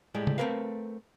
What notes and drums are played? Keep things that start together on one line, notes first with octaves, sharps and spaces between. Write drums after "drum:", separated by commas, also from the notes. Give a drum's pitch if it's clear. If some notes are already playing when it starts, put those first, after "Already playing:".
A2 G3 G#3
drum: tom
A3 C4 A#4 B4 F5